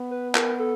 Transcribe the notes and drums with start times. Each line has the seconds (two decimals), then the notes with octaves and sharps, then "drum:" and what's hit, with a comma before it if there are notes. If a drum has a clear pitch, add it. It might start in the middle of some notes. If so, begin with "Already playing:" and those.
Already playing: B3
0.11 B4
0.35 A#4, drum: clap
0.59 A4